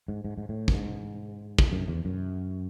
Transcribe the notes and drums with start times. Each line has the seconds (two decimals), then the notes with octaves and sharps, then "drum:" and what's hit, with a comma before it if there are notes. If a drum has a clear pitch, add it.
0.08 G#2
0.24 G#2
0.38 G#2
0.49 A2
0.68 F#2, drum: kick
0.74 G#2
1.58 drum: kick
1.72 F#2
1.88 E2
2.05 F#2